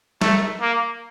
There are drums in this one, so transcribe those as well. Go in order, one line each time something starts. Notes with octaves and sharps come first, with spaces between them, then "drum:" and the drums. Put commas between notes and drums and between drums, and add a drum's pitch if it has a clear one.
A3, drum: snare G3
A#3